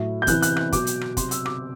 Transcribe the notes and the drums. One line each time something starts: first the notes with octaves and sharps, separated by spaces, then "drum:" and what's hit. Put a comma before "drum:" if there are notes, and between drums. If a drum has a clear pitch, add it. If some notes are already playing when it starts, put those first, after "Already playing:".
Already playing: A2 F#3
G6
C3 E3 F#6, drum: kick, hi-hat
F#6, drum: hi-hat
F#6, drum: rim click
B2 F#3 D6, drum: kick, hi-hat
drum: hi-hat
drum: rim click
C3 F#3 C6, drum: kick, hi-hat
E6, drum: hi-hat
D6, drum: rim click